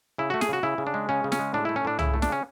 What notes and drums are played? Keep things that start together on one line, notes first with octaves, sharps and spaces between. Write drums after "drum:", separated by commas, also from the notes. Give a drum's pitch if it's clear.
C#3 E4
A3 F#4
G#4, drum: snare
C#3 F#4
C#3 E4
C#3
D4
G#3
C#3 C#4
C#3
C#4, drum: snare
G#3
A2 D4
A3 E4
C#4
A2 D4
C#3 E4, drum: tom
A3
D4, drum: snare
C#3 C#4